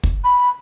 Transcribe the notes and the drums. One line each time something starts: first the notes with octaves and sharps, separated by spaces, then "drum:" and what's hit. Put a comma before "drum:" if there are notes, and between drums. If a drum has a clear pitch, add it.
drum: kick
B5